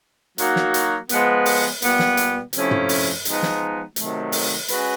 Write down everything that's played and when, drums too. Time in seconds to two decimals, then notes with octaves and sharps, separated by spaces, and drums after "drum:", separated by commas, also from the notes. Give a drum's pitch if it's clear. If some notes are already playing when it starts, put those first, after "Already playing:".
0.38 F#3 A#3 D#4 F#4, drum: hi-hat
0.56 drum: snare
0.74 drum: hi-hat
1.09 F3 G#3 B3, drum: hi-hat
1.46 drum: open hi-hat
1.82 A#2 G3 B3, drum: hi-hat
1.99 drum: snare
2.17 drum: hi-hat
2.53 C3 F3 A3 C#4 E4, drum: hi-hat
2.71 drum: tom
2.89 drum: open hi-hat
3.25 F3 G#3 B3 D#4, drum: hi-hat
3.43 drum: snare
3.96 C3 D#3 F#3 A3, drum: hi-hat
4.32 drum: open hi-hat
4.68 G#3 C#4 F#4 B4, drum: hi-hat